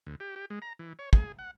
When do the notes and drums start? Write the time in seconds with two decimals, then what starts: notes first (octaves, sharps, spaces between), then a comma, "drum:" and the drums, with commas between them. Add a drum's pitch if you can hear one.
0.07 D2
0.20 G4
0.36 G4
0.50 G#3
0.62 A#5
0.79 E3
0.99 C#5
1.13 G#4, drum: kick
1.39 F#5